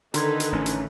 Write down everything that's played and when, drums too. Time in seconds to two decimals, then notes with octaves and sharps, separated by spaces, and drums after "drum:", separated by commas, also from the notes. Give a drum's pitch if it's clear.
0.14 D3 D#3 D#4 A4 B4 A#5 C6 G#6, drum: hi-hat
0.40 drum: hi-hat
0.52 A1 C#4
0.66 drum: hi-hat